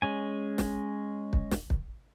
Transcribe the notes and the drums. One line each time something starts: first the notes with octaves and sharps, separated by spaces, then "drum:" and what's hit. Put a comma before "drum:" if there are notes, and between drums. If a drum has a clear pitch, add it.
G#3 C#4 G#5
drum: snare
drum: kick
drum: snare
drum: kick